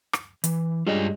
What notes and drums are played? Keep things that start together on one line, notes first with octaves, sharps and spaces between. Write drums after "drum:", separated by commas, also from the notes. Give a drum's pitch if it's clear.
drum: rim click
E3, drum: hi-hat
G2 G3 G#3 F4 C#5 D#5